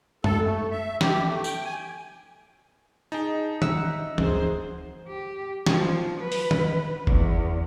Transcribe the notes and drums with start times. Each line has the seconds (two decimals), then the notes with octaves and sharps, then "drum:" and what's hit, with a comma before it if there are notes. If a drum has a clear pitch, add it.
0.24 A4, drum: tom F#2
0.42 A3
0.71 E5
1.01 G4, drum: snare
1.26 A3
1.44 G5, drum: tambourine
1.64 G#5
3.12 D#4 G#4 A5
3.62 E5 F#5 E6, drum: tom
4.18 D2 G2 G#4 C5, drum: tom E3
5.08 G4
5.67 F3, drum: snare
6.21 B4
6.32 drum: open hi-hat
6.51 drum: tom
7.07 E2, drum: kick F#1